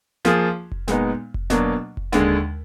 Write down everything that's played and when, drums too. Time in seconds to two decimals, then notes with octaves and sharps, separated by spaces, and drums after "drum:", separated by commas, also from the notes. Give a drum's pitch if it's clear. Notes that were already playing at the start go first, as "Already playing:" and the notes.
0.25 F3 A#3 F4 G#4, drum: snare
0.72 drum: kick F1
0.88 A#2 G#3 B3 D#4, drum: snare
1.34 drum: kick F1
1.50 B2 F#3 A#3 D4, drum: snare
1.97 drum: kick F1
2.12 D#2 D3 G#3, drum: snare